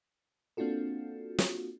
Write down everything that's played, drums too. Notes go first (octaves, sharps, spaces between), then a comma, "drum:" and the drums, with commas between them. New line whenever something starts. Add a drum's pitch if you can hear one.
A#3 C4 D4 F4 F#4 A4
drum: snare